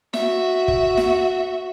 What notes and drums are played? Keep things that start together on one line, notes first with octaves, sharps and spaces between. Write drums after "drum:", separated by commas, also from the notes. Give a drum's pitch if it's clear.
F#4 E5, drum: snare
drum: kick
drum: snare